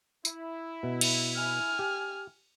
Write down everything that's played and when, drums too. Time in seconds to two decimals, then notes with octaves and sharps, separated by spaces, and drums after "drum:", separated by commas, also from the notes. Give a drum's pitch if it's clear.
0.25 E4, drum: tambourine
0.83 B2
1.01 drum: cymbal
1.35 G#5 F6
1.79 G4